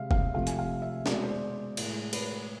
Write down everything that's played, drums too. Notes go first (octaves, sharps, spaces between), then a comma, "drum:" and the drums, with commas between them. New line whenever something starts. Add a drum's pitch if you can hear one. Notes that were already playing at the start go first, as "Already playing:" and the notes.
Already playing: C3 G#3 E5 F5
F5, drum: kick F1
C3 F3 A3 F5
G#5, drum: hi-hat
F5
E5
B2 G#3 D5, drum: snare
C5
D5
A2 G#3, drum: cymbal
B4, drum: cymbal